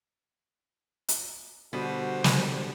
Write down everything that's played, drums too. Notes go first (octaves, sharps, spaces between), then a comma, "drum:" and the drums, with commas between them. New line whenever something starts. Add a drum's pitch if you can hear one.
drum: hi-hat
B2 D3 G3 F#4 C5
drum: snare